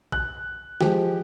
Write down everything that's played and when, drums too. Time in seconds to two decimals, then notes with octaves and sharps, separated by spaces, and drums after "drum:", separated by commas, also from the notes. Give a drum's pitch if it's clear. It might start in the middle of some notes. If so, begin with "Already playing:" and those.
0.12 F#6, drum: kick
0.81 F3 G#3 G4, drum: snare